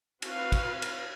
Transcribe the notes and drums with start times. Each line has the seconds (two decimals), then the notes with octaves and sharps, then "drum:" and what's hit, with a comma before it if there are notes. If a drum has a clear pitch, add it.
0.22 C4 F#4 B4 F5, drum: cymbal
0.52 drum: kick, cymbal
0.82 drum: cymbal